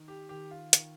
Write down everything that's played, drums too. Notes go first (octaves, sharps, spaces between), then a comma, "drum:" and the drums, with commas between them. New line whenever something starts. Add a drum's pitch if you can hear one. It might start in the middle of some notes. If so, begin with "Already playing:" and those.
Already playing: D#3 D#4
G4
D#3 G4
F4
D#3, drum: hi-hat